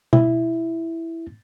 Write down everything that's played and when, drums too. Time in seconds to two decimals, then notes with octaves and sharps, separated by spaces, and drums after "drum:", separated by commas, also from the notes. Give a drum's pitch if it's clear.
0.13 E4, drum: tom B2